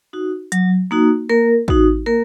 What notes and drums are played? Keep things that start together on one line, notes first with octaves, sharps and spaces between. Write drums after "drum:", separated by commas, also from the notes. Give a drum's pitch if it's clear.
D#4 F#4
F#3, drum: hi-hat
A#3 D#4 F#4
A#3 A#4
D#4 F#4, drum: kick
A#3 A#4